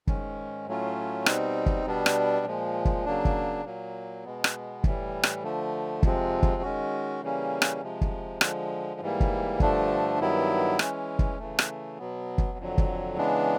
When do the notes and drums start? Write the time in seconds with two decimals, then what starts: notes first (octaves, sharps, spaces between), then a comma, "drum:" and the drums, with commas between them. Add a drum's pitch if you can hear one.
0.07 G#2 D#3 G#3 C#4, drum: kick
0.67 A2 F#3 A3 C#4 F4
1.26 B2 G3 C4 D#4, drum: rim click
1.66 drum: kick
1.86 B2 G3 B3 D4
2.06 drum: rim click
2.46 A#2 F3 G#3
2.85 drum: kick
3.05 C#3 F#3 A#3 D4
3.25 drum: kick
3.65 A#2 F#3 A#3
4.24 B2 G#3 B3
4.44 drum: rim click
4.84 A2 E3 G3, drum: kick
5.23 drum: rim click
5.43 D3 F3 A3
6.03 F2 C3 F3 G#3 C4, drum: kick
6.43 drum: kick
6.62 D#3 G#3 C#4 F#4
7.22 C#3 E3 G3 A#3 C#4
7.62 drum: rim click
7.81 C3 F3 G#3
8.01 drum: kick
8.41 D3 F3 G#3, drum: rim click
9.00 G#2 E3 G3 A#3
9.20 drum: kick
9.60 G2 D3 F3 A3 D4, drum: kick
10.20 G2 D#3 F#3 B3 E4
10.79 E3 G#3 C#4, drum: rim click
11.19 drum: kick
11.39 C#3 E3 A3
11.59 drum: rim click
11.98 B2 F#3 B3
12.38 drum: kick
12.58 F2 D3 F#3
12.78 drum: kick
13.17 C#3 E3 G#3 B3 D4